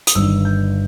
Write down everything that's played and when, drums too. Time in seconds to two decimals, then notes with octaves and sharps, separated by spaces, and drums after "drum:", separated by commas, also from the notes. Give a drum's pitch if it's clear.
0.07 D#6, drum: hi-hat
0.15 G1 G2 D#3 E6
0.45 G6